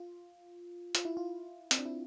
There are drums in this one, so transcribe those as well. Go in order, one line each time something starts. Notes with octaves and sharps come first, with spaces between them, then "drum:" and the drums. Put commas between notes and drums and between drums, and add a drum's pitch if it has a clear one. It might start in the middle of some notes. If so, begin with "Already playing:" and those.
Already playing: F4
F4, drum: hi-hat
E4
F4
C4, drum: hi-hat
D4
E4